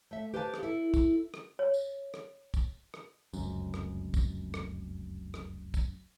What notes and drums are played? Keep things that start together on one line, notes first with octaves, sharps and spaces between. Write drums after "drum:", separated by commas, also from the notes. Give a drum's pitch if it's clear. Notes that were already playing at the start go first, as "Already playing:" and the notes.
A3 E5
G4 B4 C5 F5 F#5 A5
drum: rim click
E4 A4
drum: kick, tambourine
drum: rim click
C#5
drum: tambourine
drum: rim click
drum: kick, tambourine
drum: rim click
F1 C#2 F#2, drum: tambourine
drum: rim click
drum: kick, tambourine
drum: rim click
drum: rim click
drum: kick, tambourine